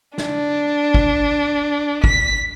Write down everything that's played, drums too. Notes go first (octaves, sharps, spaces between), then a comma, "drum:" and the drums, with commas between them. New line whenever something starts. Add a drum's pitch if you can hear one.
D4, drum: snare
drum: kick
B6, drum: kick